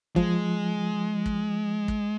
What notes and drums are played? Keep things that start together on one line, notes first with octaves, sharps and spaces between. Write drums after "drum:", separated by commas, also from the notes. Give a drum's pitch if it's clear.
F3 G#3, drum: kick
drum: kick
drum: kick